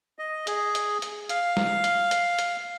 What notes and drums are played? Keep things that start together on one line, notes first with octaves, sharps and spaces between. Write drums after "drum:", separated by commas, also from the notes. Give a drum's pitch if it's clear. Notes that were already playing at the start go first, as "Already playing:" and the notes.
D#5
G#4, drum: hi-hat
drum: hi-hat
drum: hi-hat
F5, drum: hi-hat
drum: snare
drum: hi-hat
drum: hi-hat
drum: hi-hat